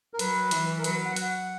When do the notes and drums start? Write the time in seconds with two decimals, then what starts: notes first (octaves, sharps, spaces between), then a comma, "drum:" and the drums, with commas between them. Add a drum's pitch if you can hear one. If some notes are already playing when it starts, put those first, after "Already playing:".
0.14 A#4
0.19 F#3 B4, drum: hi-hat
0.51 E3, drum: hi-hat
0.79 A#4
0.84 F#3 B4, drum: hi-hat
0.95 B4
1.05 F#5
1.16 F#5, drum: hi-hat